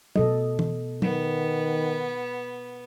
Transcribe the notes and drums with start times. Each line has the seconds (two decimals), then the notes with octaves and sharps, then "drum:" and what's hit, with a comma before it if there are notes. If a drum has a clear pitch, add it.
0.16 B2 A4 D#5, drum: tom F#3
0.59 drum: tom
1.02 D#3 B3, drum: tom F#3